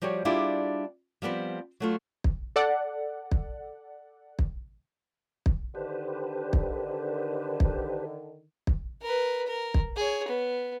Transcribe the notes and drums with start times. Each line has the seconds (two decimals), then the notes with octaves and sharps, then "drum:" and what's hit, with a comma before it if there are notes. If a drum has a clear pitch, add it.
0.02 F3 G3 F#4 G4 C#5
0.25 G3 D4 E4 F4 G4 G#4
1.22 F3 G3 B3 C4
1.80 F#3 A3 F4
2.24 drum: kick
2.56 A4 D5 F#5
3.32 drum: kick
4.39 drum: kick
5.46 drum: kick
5.75 D3 D#3 G4 B4 C5
6.53 drum: kick
7.60 drum: kick
8.67 drum: kick
9.02 A#4 B4
9.47 A#4
9.74 drum: kick
9.96 G#4 C#5
10.28 B3